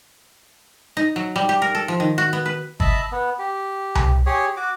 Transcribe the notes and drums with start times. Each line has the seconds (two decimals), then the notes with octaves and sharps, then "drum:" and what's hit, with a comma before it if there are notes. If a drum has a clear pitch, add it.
0.97 D#4
1.16 F#3
1.36 G3
1.49 G4
1.62 A#4
1.75 A4
1.88 F3
2.00 D#3
2.18 F#4
2.33 B3
2.46 B4
2.80 D#5 E5 A5 B5, drum: kick G1
3.12 B3
3.39 G4
3.95 drum: tom C2
4.26 G4 G#4 C#5
4.57 F#4 D6